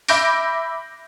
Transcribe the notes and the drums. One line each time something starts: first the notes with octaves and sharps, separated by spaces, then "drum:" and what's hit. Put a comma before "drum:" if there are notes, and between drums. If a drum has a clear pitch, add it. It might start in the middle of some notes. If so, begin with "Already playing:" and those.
E5 B5 D6 G6 A#6 D7, drum: open hi-hat